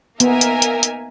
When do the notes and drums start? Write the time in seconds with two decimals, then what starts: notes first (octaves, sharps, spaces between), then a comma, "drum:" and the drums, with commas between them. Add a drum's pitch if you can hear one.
0.20 A#3 B3 D#4 A#4 E5 G#5, drum: hi-hat
0.41 drum: hi-hat
0.62 drum: hi-hat
0.83 drum: hi-hat